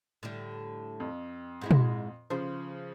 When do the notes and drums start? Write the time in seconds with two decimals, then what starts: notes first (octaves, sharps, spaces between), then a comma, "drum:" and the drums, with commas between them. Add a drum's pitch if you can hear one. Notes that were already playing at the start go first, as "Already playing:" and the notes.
0.23 A2 D3 G3
1.00 F2
1.61 G#2 G#3 E4
1.71 drum: tom
2.30 C#3 F3 C5